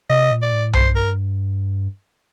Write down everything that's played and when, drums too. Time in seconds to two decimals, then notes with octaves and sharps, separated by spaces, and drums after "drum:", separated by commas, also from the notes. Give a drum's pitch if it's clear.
0.10 C3 D#5
0.31 A#2
0.42 D5
0.52 A2
0.73 G2 C5, drum: tom B1
0.95 A#4